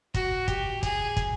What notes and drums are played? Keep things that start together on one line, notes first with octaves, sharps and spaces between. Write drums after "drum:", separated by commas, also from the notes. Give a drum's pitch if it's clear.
F#4, drum: kick, hi-hat
G4, drum: kick, hi-hat
G#4, drum: kick, hi-hat
drum: kick, hi-hat